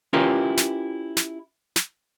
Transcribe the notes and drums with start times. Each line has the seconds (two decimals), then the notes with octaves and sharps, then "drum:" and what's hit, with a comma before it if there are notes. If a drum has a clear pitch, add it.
0.13 C#4 E4 F4 G4 A#4 B4
0.57 drum: snare
1.17 drum: snare
1.76 drum: snare